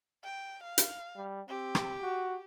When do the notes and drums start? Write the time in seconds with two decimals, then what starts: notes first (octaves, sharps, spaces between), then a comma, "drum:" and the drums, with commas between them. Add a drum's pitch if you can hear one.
0.24 G5
0.63 F5
0.78 drum: hi-hat
1.16 G3
1.49 C4 G4
1.75 drum: rim click
2.02 F#4